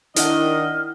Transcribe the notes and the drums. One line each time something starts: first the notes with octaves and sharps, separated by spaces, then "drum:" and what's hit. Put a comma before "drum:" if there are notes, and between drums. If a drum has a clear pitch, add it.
D#3 D4 E4 D#5 F#5 F6, drum: hi-hat